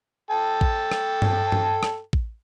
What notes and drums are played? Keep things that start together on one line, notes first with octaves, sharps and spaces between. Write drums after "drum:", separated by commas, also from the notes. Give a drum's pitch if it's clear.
A4 G5 A5
drum: kick A1
drum: rim click
drum: tom G2
drum: tom G2
drum: rim click
drum: kick A1